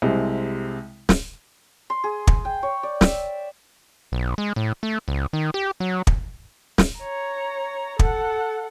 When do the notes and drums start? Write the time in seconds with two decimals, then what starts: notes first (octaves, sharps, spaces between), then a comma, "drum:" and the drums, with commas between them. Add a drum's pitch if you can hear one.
0.02 C2 C3 G#3
1.09 drum: snare
1.90 C6
2.04 G#4
2.27 drum: kick
2.45 G5
2.63 C#5
2.83 D5
3.01 E5, drum: snare
4.12 B1
4.38 G#3
4.56 A2
4.83 A3
5.08 C#2
5.33 D#3
5.54 G4
5.80 F#3
6.07 drum: kick
6.78 drum: snare
6.98 C#5 A#5
7.99 A4 F#5, drum: kick